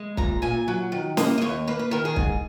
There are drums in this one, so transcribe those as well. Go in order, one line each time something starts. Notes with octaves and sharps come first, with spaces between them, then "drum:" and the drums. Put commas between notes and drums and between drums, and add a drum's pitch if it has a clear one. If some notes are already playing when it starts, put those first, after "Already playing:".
Already playing: G#3
A#2 A#5, drum: kick
A#2 G#5
F#3
D#3
A#3 D#5, drum: snare
D#5
D#2 C#5
A#3 B4
B4
D#3 A#4
G#4
G#2, drum: kick